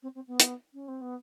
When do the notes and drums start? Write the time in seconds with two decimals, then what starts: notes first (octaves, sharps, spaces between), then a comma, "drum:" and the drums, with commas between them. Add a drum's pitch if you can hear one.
0.02 C4
0.14 C4
0.27 B3
0.40 drum: hi-hat
0.73 C#4
0.88 C4
1.01 B3